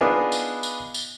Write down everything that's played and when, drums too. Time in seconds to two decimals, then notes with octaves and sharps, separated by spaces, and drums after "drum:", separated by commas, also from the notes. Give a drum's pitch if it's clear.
0.01 B3 D4 D#4 F4 G#4
0.32 drum: tambourine
0.63 drum: tambourine
0.94 drum: tambourine